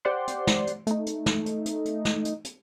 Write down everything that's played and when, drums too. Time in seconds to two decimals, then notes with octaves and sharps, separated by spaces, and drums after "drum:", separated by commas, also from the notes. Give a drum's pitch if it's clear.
0.05 G4 C5 D5 F#5 C6
0.28 drum: hi-hat
0.47 drum: snare
0.67 drum: hi-hat
0.87 A3 D#4, drum: hi-hat
1.06 drum: hi-hat
1.26 drum: snare
1.46 drum: hi-hat
1.66 drum: hi-hat
1.85 drum: hi-hat
2.05 drum: snare
2.25 drum: hi-hat
2.45 drum: hi-hat